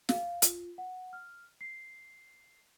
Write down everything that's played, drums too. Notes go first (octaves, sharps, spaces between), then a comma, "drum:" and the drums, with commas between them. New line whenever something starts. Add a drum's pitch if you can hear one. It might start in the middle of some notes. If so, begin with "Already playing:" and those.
F5, drum: snare
F4, drum: hi-hat
F#5
F6
C7